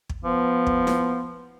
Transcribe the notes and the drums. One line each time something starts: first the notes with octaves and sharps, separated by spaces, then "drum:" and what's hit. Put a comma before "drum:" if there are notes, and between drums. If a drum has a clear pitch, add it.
drum: kick
F3 B3
drum: kick
drum: snare E4